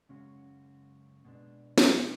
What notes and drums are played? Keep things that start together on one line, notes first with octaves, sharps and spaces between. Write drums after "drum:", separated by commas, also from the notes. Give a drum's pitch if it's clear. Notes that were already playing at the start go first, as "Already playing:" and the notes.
F#2 C#3 G#3 C#4 F#4
B2 G#3 B3 D4
drum: snare